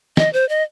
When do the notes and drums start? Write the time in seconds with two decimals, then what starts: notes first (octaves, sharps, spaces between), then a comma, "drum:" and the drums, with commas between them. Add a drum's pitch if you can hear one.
0.17 D#5, drum: snare
0.33 C5
0.49 D#5